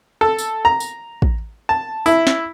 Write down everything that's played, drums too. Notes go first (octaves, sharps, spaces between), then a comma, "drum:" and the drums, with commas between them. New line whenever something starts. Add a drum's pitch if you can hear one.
A4
drum: tambourine
A#5
drum: tambourine
drum: kick
A5
E4, drum: tambourine
drum: snare